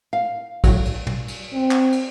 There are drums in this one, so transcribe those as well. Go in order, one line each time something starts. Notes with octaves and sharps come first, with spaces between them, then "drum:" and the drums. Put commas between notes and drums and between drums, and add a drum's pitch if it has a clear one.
F5
A2 F#3, drum: kick, cymbal
drum: cymbal
drum: tom
drum: cymbal
C4
drum: clap
drum: cymbal